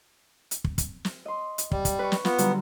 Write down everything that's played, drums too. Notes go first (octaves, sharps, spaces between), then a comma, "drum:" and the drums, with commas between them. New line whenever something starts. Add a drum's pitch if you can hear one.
drum: hi-hat
drum: kick
drum: kick, hi-hat
drum: snare
D#5 C6
drum: hi-hat
G3, drum: kick
drum: kick, hi-hat
B4 C#6
drum: snare
B3 F4, drum: snare
D3 F#3 G3, drum: hi-hat